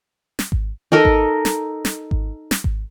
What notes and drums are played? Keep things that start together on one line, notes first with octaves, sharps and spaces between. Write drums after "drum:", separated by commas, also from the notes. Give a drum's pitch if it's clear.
drum: snare
drum: kick G#1
D#4 A4 A#4 D#5
drum: kick G#1
drum: snare
drum: snare
drum: kick G#1
drum: snare
drum: kick G#1